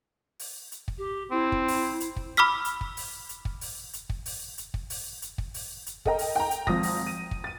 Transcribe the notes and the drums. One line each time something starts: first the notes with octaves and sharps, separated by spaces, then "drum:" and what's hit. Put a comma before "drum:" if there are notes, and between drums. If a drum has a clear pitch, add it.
drum: open hi-hat
drum: hi-hat
drum: kick
G4
C4 E4
drum: kick
drum: open hi-hat
drum: hi-hat
drum: kick
B5 D6 E6 F6 B6
drum: hi-hat
drum: kick
drum: open hi-hat
drum: hi-hat
drum: kick
drum: open hi-hat
drum: hi-hat
drum: kick
drum: open hi-hat
drum: hi-hat
drum: kick
drum: open hi-hat
drum: hi-hat
drum: kick
drum: open hi-hat
drum: hi-hat
A4 A#4 D#5 G5 A#5, drum: kick
drum: open hi-hat
G5 A#5
drum: hi-hat
G#1 F3 D#6 A#6, drum: kick
drum: open hi-hat
D#7
drum: kick
A6 D#7